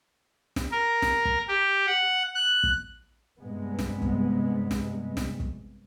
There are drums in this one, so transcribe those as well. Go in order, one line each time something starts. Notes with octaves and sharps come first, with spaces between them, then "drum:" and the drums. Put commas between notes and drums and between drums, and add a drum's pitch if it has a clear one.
drum: snare
A#4
drum: snare
drum: kick
G4
F#5
F#6
drum: kick
G2 C3 G#3 B3
drum: snare
drum: kick
drum: snare
drum: snare
drum: kick